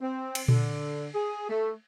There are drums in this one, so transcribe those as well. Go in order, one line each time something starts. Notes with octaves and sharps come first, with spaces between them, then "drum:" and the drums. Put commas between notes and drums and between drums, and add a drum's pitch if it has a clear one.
C4
drum: cymbal
D3, drum: tom A#2
G#4
A3